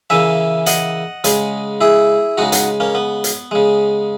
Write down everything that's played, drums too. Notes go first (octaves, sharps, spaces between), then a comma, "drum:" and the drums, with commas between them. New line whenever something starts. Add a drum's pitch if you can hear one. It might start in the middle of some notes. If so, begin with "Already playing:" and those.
C#3 E3 A#3 E5 G#5
D#5 F#5, drum: hi-hat
C#3 G#3, drum: hi-hat
E4 G#4
C#3 G#3 D#4 F#4
D#4 F#4, drum: hi-hat
A#3 C#4
B3
drum: hi-hat
C#3 G#3